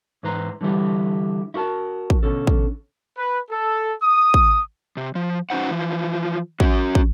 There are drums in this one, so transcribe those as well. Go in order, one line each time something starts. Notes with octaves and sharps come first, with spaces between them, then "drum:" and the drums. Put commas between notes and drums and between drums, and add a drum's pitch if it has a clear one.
G#2 E3 B4 C5 A#5
D3 E3 G3 E4 G4
E4 F#4 A#4 A5
drum: kick
B2 D3 C#4 A4
drum: kick
B4
A4
D#6
drum: kick
C3
F3
F#3 C#4 D#4 C5 F#5
E3 F3
C#4 F#4, drum: kick
drum: kick